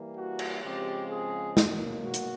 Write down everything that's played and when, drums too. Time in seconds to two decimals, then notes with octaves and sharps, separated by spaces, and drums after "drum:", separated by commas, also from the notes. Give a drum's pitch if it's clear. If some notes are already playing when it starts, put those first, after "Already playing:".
Already playing: E3 G3 A#3
0.17 F#4
0.39 drum: cymbal
0.63 C#3 F3 G#3 C4 G4
1.10 G#4
1.57 B2 F#3 A#3, drum: snare
2.04 F#4
2.14 drum: hi-hat